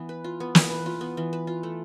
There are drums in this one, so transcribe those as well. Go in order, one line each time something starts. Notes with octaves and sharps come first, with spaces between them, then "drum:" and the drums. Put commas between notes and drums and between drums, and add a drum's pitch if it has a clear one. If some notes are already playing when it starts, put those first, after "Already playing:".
Already playing: E3 B3
B4
F4
B3
E3, drum: snare
B4
F4
B3
E3
B4
F4
A3